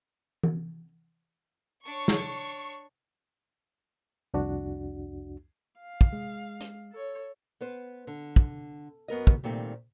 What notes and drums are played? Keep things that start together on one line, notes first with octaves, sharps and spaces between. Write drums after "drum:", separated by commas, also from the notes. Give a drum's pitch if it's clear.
drum: tom E3
D4 C#5 C#6
drum: snare
C2 F2 D4 F#4
F5
drum: kick
G#3
drum: hi-hat
A4 C#5
B3 B4 C5
D3
drum: kick
F#2 B3 A#4 D#5
drum: kick
A#2 D#3 G3 A3 C4